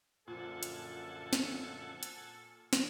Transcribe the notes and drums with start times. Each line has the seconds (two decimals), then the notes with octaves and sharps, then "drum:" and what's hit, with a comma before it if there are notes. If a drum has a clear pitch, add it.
0.28 F#2 A#2 D3 F3 A4 F#5 G#5 A5
0.63 drum: hi-hat
1.33 drum: snare
2.03 drum: hi-hat
2.73 drum: snare